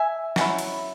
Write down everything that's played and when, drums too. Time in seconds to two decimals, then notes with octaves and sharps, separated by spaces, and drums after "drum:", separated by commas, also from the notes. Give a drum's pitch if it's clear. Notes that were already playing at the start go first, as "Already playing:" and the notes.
Already playing: E5 G#5
0.36 F#3 C#4 E4, drum: snare
0.59 drum: cymbal